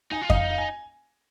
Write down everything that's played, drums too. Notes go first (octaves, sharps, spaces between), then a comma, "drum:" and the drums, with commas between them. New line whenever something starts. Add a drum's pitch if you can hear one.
D#4 G#5
F4
D#4 D#5 F5, drum: kick F2
F5
G#5